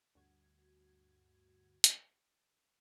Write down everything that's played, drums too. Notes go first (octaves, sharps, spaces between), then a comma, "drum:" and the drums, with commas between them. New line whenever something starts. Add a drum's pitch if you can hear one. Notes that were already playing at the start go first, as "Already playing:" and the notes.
D2 G2 F#4 G#6
drum: hi-hat